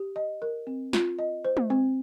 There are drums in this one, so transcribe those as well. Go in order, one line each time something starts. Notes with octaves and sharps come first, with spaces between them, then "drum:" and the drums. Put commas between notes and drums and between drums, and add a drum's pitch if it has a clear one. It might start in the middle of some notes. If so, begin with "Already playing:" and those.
Already playing: G4
D#5
A#4
C4
F4, drum: snare
D#5
C5
drum: tom G#3
C4